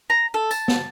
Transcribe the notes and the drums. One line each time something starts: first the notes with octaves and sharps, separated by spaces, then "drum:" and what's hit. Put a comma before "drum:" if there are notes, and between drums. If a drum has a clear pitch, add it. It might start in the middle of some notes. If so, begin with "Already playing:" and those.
A#5
A4
A5, drum: tambourine
drum: snare